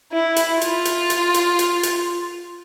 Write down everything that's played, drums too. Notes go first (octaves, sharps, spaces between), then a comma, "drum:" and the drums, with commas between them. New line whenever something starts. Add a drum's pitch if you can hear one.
E4
drum: hi-hat
F4, drum: hi-hat
drum: hi-hat
drum: hi-hat
drum: hi-hat
drum: hi-hat
drum: hi-hat